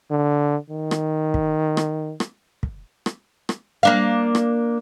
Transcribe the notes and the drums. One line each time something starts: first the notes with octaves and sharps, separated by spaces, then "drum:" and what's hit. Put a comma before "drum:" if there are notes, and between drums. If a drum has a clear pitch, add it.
D3
D#3
drum: rim click
drum: kick
drum: rim click
drum: rim click
drum: kick
drum: rim click
drum: rim click
A#3 D4 F5
drum: rim click